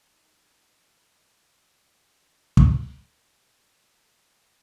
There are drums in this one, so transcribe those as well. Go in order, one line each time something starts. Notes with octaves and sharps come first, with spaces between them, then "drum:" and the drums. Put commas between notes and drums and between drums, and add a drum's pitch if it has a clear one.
D#4
D2 E3 F3 G3 C#4 D5
drum: kick
E6 E7